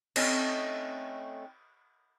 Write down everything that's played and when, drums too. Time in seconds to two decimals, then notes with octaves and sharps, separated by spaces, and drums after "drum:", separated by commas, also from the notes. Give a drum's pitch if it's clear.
0.16 A3 C4 C#4 D#4, drum: cymbal